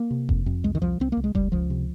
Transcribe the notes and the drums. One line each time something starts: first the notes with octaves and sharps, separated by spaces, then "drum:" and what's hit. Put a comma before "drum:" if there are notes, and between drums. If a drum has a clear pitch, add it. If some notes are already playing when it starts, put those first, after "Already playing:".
Already playing: A#3
C3
F2, drum: kick F1
F2
C2 G#3
D#3
C2 F3
C2 C4
C2 A#3
G#3
C#2 G3, drum: kick F1
C#2 F3
C3